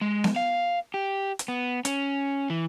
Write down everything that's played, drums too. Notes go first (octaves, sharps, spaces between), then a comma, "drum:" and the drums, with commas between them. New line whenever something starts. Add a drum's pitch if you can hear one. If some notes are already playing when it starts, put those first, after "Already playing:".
G#3
drum: snare B3
F5
G4
drum: hi-hat
B3
C#4, drum: hi-hat
E3